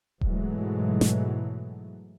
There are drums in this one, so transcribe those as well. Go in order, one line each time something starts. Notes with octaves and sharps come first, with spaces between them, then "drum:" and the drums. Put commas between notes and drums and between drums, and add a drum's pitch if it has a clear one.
G#2 B2 E3 F#3 G#3 A3, drum: kick D#1
drum: snare